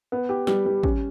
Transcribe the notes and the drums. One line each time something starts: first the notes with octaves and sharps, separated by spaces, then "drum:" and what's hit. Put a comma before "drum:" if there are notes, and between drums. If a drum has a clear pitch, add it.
B3
G4
G3, drum: snare
G3
C#4, drum: kick